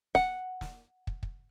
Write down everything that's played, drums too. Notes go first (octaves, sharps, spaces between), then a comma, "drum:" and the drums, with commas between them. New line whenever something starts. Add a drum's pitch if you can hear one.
F#5, drum: snare
drum: snare
drum: kick
drum: kick